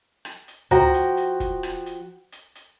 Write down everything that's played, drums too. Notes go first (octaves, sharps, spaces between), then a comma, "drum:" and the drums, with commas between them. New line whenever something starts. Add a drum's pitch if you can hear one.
drum: rim click
drum: hi-hat
F3 F#4 G5 A#5, drum: tom C#2
drum: hi-hat
drum: hi-hat
drum: kick, hi-hat
drum: rim click
drum: hi-hat
drum: hi-hat
drum: hi-hat